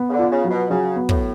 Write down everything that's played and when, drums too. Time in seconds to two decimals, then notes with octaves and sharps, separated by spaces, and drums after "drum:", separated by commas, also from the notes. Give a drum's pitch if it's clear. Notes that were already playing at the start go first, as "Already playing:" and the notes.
Already playing: B3
0.09 C#3
0.12 D3
0.19 F4
0.31 C#3
0.44 F#3
0.51 B2
0.70 C#3 F#3
0.96 B3
1.09 A2, drum: kick